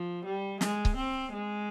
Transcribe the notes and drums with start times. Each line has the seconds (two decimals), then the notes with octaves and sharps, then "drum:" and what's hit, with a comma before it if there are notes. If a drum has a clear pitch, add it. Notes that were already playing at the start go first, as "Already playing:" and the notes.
Already playing: F3
0.25 G3
0.61 G#3, drum: snare
0.85 drum: kick C#1
0.96 C4
1.33 G#3